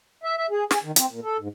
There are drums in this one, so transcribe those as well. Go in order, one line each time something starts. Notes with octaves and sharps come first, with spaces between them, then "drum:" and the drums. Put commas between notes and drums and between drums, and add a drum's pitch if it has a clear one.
E5
E5
G#4
G#4, drum: snare
D#3
C4, drum: hi-hat
A#2
A4
G#2